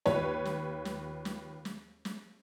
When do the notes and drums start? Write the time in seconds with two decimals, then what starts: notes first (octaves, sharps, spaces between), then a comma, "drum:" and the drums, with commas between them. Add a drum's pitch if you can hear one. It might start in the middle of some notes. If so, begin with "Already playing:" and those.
0.06 D#2 F4 B4 C#5, drum: snare
0.45 drum: snare
0.85 drum: snare
1.25 drum: snare
1.65 drum: snare
2.05 drum: snare